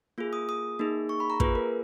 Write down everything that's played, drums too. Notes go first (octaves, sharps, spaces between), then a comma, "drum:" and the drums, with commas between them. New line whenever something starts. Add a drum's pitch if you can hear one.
A#3 F4 G#4
D#6
D#6
A#3 D#4 G#4
C#6
B5
A#5
A#3 F4 G#4 B4, drum: kick
A#4